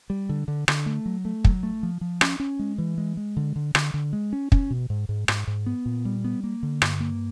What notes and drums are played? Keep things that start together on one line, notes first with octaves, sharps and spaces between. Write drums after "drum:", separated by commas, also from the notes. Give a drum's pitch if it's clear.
G3
D3
D3
D3, drum: rim click
A3
F#3
A3
F#3, drum: kick
A3
F3
F3
C#4, drum: rim click
C#4
G#3
E3
G#3
G#3
D3
D3
D3, drum: rim click
D3
G#3
C#4
C#4, drum: kick
B2
G#2
G#2
G#2, drum: rim click
G#2
B3
A#2
G3
B3
A#3
D3
G2, drum: rim click
A#3